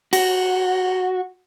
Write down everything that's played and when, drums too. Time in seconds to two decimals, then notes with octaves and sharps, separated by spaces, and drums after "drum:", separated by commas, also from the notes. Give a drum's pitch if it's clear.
0.13 F#4, drum: cymbal